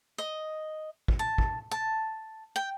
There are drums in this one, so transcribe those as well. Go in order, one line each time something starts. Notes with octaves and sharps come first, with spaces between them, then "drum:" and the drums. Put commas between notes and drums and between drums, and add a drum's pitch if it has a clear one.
D#5
drum: kick
A5
drum: kick
A5
G5